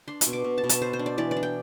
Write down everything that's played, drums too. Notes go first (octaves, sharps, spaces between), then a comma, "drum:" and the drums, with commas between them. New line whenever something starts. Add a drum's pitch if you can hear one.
D4 C6
C6, drum: hi-hat
B2
D6
B2
A5
B2
A5, drum: hi-hat
B3 C5
C5
D4
D5
E3 D5
D5
D4
G5